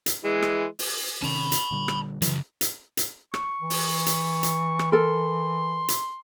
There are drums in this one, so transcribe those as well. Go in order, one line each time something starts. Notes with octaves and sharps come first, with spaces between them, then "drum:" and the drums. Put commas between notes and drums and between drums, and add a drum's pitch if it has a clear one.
drum: hi-hat
E3 G#3
drum: rim click
drum: open hi-hat
C3 D#3 C#4 A5 B5
drum: hi-hat
A#2 D3 G3
drum: rim click
C#3 E3 F#3, drum: hi-hat
drum: hi-hat
drum: hi-hat
C#6, drum: rim click
E3
drum: open hi-hat
drum: hi-hat
drum: hi-hat
drum: rim click
A4 A#4 C6
drum: hi-hat